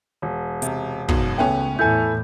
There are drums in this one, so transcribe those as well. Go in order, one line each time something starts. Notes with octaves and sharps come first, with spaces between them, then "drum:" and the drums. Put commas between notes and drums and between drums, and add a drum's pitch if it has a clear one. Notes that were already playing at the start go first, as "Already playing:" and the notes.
E1
C3, drum: hi-hat
G#1 F#2 B2, drum: kick
C#2 A3 B3 C#4 G5
E2 A2 E4 A4 G#5 G6